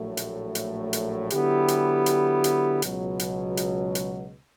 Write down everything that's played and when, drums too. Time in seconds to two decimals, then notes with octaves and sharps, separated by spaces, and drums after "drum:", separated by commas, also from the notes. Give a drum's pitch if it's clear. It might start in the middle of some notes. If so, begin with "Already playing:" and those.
Already playing: A#1 A2 F#3 A3
0.17 drum: hi-hat
0.55 drum: hi-hat
0.93 drum: hi-hat
1.30 D3 F#3 B3 E4 G4, drum: hi-hat
1.68 drum: hi-hat
2.06 drum: hi-hat
2.44 drum: hi-hat
2.82 C#2 B2 F#3, drum: hi-hat
3.19 drum: hi-hat
3.57 drum: hi-hat
3.95 drum: hi-hat